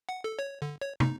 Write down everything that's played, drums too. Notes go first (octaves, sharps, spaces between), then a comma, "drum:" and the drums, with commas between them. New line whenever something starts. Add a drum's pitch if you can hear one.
F#5
A4
C#5
D3
C#5
D#4, drum: tom